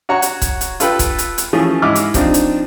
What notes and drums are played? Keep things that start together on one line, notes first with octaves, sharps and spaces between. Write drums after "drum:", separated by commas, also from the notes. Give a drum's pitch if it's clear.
F#4 C#5 F#5 A#5 C#6
drum: hi-hat
drum: kick, hi-hat
drum: hi-hat
F4 A4 B4 G5, drum: hi-hat
drum: kick, hi-hat
drum: hi-hat
drum: hi-hat
E3 F3 A3 C#4 G#4
G#2 E4 D#5 D6 F6
drum: hi-hat
F3 C4 D4 D#4 F4, drum: kick, hi-hat
drum: hi-hat